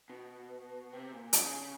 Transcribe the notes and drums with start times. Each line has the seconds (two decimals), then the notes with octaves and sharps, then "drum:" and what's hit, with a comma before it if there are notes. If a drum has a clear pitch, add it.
0.09 B2
0.93 C3
1.13 A#2
1.33 C#3, drum: hi-hat